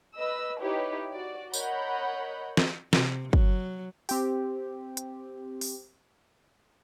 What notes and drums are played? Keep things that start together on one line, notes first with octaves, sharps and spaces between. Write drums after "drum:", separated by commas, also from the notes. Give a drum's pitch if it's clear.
B4 D#5 E6
D#4 E4 G4 B4 C#5
F#4 D5
A#4 C#5 D#5 F#5 B5 G6, drum: tambourine
drum: snare
C3, drum: snare
F#3, drum: kick
C4 G4, drum: open hi-hat
drum: hi-hat
drum: open hi-hat